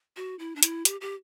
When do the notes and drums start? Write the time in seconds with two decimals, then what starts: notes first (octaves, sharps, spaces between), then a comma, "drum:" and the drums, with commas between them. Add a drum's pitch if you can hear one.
0.16 F#4
0.39 E4
0.56 D4
0.63 E4, drum: hi-hat
0.85 G4, drum: hi-hat
1.01 G4